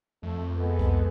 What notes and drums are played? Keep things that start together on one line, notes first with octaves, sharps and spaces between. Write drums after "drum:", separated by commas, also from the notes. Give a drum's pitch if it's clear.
F2 A3
G#3 B3 A4
drum: kick C2